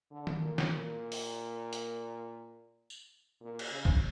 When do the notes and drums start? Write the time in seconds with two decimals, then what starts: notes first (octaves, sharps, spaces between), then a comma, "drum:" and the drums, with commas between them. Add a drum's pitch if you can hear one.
0.11 D3
0.27 drum: tom D#3
0.41 A#2
0.58 drum: snare
0.71 A#2
1.12 drum: open hi-hat
1.73 drum: hi-hat
2.90 drum: tambourine
3.41 A#2
3.59 drum: cymbal
3.71 C#3
3.85 drum: kick